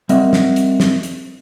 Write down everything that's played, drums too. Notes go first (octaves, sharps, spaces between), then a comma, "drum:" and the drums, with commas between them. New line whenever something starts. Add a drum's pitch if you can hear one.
G3 C4 A#4 D#5 E5 F#5, drum: hi-hat
drum: snare
drum: hi-hat
drum: snare
drum: hi-hat